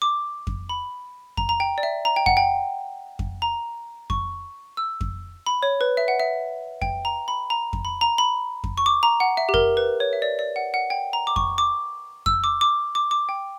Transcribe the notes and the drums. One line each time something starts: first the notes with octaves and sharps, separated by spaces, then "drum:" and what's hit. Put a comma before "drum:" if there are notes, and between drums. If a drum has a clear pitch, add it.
D6
drum: kick F2
B5
A#5, drum: kick F2
A#5
G5
D5
E5
A#5
G5
F#5, drum: kick F2
G5
drum: kick F2
A#5
C#6, drum: kick F2
E6
drum: kick F2
B5
C#5
B4
E5
F#5
E5
G5, drum: kick F2
A#5
B5
A#5
drum: kick F2
B5
A#5
B5
drum: kick F2
C#6
D6
A#5
F#5
E5
G4
A#4, drum: kick F2
B4
C#5
E5
D5
D5
F#5
F#5
G5
A#5
D6
C#6, drum: kick F2
D6
E6, drum: kick F2
D6
D6
D6
D6
G5